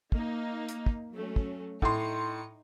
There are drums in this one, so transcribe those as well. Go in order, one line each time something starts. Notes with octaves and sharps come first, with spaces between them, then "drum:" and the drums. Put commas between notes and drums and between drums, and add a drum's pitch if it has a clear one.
A#3 D#4, drum: kick
drum: hi-hat
drum: kick
F#3 A3 C#4
drum: kick
A2 D#4 C6 C#7, drum: kick